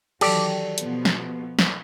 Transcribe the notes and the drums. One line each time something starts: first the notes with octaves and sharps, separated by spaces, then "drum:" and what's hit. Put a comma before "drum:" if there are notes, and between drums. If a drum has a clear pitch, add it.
D#3 E3 F#3 G4 A4 D5, drum: cymbal
B2 F3 B3, drum: hi-hat
drum: snare
drum: snare